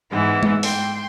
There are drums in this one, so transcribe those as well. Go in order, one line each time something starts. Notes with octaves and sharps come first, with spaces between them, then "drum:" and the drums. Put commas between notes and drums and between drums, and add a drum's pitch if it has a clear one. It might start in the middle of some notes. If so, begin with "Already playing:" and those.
G#2 E3 B3
drum: tom G#3
G5 C6, drum: open hi-hat